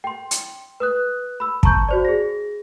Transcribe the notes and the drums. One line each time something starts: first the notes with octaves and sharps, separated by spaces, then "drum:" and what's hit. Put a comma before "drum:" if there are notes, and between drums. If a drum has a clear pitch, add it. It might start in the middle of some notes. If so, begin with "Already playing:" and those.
G5 C6
drum: hi-hat
B4 D#6 F#6
B5 E6
A5 A#5 C#6 G6, drum: kick
F#4 C5 D5
G#4 A#6